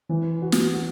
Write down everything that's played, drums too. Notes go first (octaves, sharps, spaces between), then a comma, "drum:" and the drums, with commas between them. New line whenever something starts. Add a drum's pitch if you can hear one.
E3
F#4
drum: snare
F#4